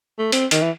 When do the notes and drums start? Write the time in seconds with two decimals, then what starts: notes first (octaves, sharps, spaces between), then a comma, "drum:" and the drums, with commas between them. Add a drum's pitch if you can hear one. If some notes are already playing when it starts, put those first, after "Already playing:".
0.19 A3
0.32 C4, drum: hi-hat
0.51 D#3, drum: hi-hat
0.62 E3